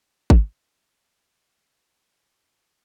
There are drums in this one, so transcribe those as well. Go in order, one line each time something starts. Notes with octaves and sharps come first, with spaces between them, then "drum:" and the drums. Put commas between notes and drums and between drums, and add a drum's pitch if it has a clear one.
drum: kick G#1
B3 B4
G#3 D#4 D#5